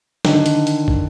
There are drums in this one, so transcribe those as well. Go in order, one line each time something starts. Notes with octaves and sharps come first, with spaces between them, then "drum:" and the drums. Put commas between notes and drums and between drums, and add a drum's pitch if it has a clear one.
D3 D#3, drum: snare
drum: hi-hat
drum: hi-hat
drum: kick